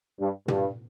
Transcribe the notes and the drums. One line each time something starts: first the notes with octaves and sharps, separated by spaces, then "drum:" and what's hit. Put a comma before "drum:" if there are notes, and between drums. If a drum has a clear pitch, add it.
G2
G2, drum: tom